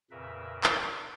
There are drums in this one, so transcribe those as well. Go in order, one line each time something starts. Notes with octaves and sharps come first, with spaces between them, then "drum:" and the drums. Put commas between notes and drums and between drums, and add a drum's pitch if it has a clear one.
F2 A#2 C#3 A#4 B4 E5
D5 F#5 B5 C#6 D6 F6, drum: clap